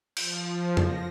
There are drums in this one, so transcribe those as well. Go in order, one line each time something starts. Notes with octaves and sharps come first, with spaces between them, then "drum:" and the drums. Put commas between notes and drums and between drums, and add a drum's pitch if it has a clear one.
F3, drum: cymbal
A#6, drum: tom